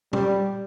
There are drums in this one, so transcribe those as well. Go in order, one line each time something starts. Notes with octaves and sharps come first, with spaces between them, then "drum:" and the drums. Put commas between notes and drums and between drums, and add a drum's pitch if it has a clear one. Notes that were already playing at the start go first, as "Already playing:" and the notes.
G3, drum: tom